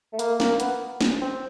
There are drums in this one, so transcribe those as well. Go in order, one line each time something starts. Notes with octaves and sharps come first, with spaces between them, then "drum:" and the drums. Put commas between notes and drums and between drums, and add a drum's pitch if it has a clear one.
A3
A#3, drum: hi-hat
A#3, drum: snare
B3, drum: hi-hat
drum: snare
C4